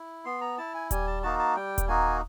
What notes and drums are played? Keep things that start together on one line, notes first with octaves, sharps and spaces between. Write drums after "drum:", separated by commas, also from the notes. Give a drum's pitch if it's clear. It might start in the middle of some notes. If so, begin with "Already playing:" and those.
Already playing: E4
B3 C6
A#5
E4 A5
G#5
G3 G#5, drum: kick D#1, hi-hat
A5
A#3 D#4 F#4 A5
A5
G3 G5
drum: kick D#1, hi-hat
A#3 D#4 F#4 G#5